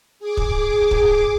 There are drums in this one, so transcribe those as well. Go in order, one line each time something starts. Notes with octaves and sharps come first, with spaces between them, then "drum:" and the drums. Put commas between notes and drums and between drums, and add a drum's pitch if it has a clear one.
G#4 D6
drum: kick
drum: kick